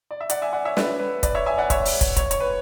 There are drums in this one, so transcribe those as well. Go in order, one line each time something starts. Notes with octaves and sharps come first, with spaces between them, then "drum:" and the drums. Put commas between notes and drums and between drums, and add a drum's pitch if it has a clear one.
D5
E5
D5 F#5, drum: hi-hat
E5 G#5
D5 F#5
C#5 E5
B4 D5, drum: snare
B4
B4 D5, drum: kick, hi-hat
C#5 E5
E5 G#5
D5 F#5
C#5 E5, drum: kick, hi-hat
drum: open hi-hat
drum: kick, hi-hat
C#5, drum: kick, hi-hat
C#5, drum: hi-hat
B4